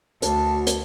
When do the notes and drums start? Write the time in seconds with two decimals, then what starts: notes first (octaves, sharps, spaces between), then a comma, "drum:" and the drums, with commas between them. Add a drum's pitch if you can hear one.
0.22 D2 F#4 A5, drum: hi-hat
0.67 drum: hi-hat